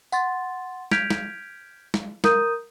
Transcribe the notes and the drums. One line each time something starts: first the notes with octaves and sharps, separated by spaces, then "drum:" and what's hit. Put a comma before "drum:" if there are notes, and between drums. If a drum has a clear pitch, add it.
F#5 C6 A6, drum: tambourine
F6 G6 G#6 B6 D7 F7, drum: snare
drum: snare
drum: snare
A#4 A#5 D#6 G6 D#7, drum: snare